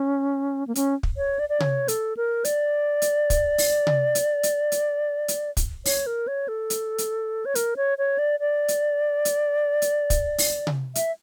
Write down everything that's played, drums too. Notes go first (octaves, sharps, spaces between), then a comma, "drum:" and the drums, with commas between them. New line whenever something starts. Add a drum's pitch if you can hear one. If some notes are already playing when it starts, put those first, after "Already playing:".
Already playing: C#4
A#3
C#4, drum: hi-hat
drum: kick
C#5
D5
D5
C#5, drum: tom C3
A4, drum: hi-hat
A#4
D5, drum: hi-hat
drum: hi-hat
drum: kick, hi-hat
drum: open hi-hat
drum: tom C3
drum: hi-hat
drum: hi-hat
drum: hi-hat
drum: hi-hat
drum: kick, hi-hat
C#5, drum: open hi-hat
A#4
C#5
A4
drum: hi-hat
drum: hi-hat
C#5
A#4, drum: hi-hat
C#5
C#5
D5
D5
drum: hi-hat
drum: hi-hat
drum: hi-hat
drum: kick, hi-hat
drum: open hi-hat
drum: tom C3
E5, drum: hi-hat